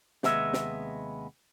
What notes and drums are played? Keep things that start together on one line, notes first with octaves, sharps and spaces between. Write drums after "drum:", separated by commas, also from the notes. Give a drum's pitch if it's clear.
D#2 C3 G#3 B3 E5, drum: snare
drum: snare